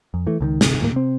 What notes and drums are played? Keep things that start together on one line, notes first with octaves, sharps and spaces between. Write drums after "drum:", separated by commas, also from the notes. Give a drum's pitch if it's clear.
F2
E3 A3
C#2 D3 D#3
D1 G1 C3, drum: snare
D#2 A2 A#3
C3 C4